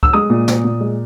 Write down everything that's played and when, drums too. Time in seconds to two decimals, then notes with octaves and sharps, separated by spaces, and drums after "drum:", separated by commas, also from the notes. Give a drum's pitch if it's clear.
0.03 E6, drum: kick
0.13 G#3 D#6
0.30 A#2
0.48 A#2, drum: snare
0.64 A#2
0.80 G#3